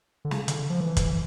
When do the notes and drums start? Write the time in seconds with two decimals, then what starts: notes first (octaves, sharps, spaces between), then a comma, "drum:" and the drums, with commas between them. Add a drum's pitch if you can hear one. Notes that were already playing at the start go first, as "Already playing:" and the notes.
0.25 D3
0.31 C#3, drum: snare
0.48 D3, drum: hi-hat
0.70 F3
0.80 E3
0.97 E3, drum: kick, hi-hat